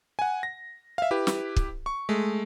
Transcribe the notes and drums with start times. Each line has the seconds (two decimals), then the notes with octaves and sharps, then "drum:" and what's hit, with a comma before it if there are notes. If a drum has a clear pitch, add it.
0.19 F#5 G#5
0.43 A#6
0.98 E5 F5
1.11 E4 G4 B4
1.27 drum: snare
1.56 drum: kick
1.86 C#6
2.09 G#3 A3